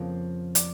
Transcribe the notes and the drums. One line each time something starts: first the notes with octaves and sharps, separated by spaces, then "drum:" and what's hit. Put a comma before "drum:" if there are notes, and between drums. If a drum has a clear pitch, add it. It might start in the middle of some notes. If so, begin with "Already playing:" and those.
Already playing: F2 C#3 F3 A#3
D5, drum: hi-hat